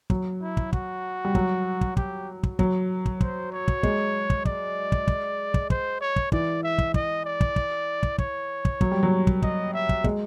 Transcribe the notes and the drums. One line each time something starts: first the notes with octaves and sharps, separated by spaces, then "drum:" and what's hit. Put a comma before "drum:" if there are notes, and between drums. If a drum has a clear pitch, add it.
F#3, drum: kick
E4
drum: kick
F#4, drum: kick
G3
F#3, drum: kick
drum: kick
G4, drum: kick
drum: kick
F#3, drum: kick
drum: kick
C5, drum: kick
C#5
drum: kick
G#3, drum: kick
drum: kick
D5, drum: kick
drum: kick
drum: kick
drum: kick
C5, drum: kick
C#5
drum: kick
E3 D5, drum: kick
E5
drum: kick
D#5, drum: kick
D5
drum: kick
drum: kick
drum: kick
C#5, drum: kick
drum: kick
F#3, drum: kick
G3
F#3
drum: kick
D#5, drum: kick
E5
drum: kick
G#3, drum: kick